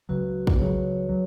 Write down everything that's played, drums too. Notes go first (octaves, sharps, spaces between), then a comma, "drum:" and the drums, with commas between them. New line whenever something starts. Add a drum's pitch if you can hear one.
C#2 C#3 F#3 F#4 B4
drum: kick
C#2 C#3 F#3 G#4 C#5
F#3